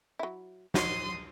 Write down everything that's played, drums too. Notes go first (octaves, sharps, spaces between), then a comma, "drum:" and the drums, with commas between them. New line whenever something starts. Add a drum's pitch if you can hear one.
F#3 E4
D#4 F#4 C#5 C6 D#6, drum: snare